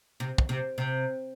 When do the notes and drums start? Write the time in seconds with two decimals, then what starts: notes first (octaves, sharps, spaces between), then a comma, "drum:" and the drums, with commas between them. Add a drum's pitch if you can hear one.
0.20 C3
0.38 drum: kick
0.49 C3
0.78 C3